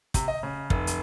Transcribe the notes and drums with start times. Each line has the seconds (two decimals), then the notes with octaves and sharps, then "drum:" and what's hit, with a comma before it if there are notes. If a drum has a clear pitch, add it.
0.14 C3, drum: kick, hi-hat
0.28 D#5
0.43 C#3
0.70 F1, drum: kick
0.87 drum: hi-hat